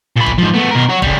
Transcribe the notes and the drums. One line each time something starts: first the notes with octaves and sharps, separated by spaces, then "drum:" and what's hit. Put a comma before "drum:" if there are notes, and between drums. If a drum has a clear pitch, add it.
A#2 B5
drum: kick
G#2 F3
A3 B3
B2 A#4
F#4 C#5
C#3 G3, drum: kick